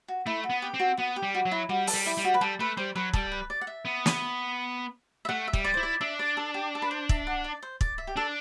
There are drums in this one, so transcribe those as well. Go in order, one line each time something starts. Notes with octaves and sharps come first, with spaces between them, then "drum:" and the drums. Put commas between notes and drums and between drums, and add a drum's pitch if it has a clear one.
F#4
A3 E4
F#4
B3
G4
C4
F#4
B3 F#4
G4
G3
F#4
F#3
E4
G3 F#4
A4, drum: open hi-hat
G3
E4
G3
F#4
B4
G3 A4
A3 B4
G3 C5
F#3 B4
G3 A4, drum: kick
B4
D5
F#5
E5
B3
drum: snare
E5
A3 F#5
E5
G3, drum: kick
D5
E4 C5
D5
D4 E5
D5
A4
G4
A4
B4
C5
E5, drum: kick
F#5
D5
C5
D5, drum: kick
E5
G4
D4 A4